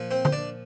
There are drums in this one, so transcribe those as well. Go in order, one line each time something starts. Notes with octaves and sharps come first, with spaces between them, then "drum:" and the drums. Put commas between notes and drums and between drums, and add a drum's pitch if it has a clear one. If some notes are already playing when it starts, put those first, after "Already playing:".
Already playing: A#2 F3
C4 C5
C5, drum: tom
D4 D5